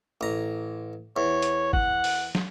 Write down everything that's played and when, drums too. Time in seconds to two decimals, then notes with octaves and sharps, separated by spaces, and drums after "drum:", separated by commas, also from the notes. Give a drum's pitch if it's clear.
0.21 A1 A#5
1.16 E2 C#5
1.42 drum: hi-hat
1.73 F#5, drum: kick
2.04 drum: open hi-hat
2.35 drum: snare